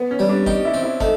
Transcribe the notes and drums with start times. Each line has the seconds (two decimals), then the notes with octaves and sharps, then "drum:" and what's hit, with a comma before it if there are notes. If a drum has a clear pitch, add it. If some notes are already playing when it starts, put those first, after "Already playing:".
Already playing: B3
0.11 C#4
0.19 G3
0.29 D4
0.46 D#4 G4, drum: kick
0.65 E4
0.74 C4
0.83 E4
1.00 A3 D#4, drum: kick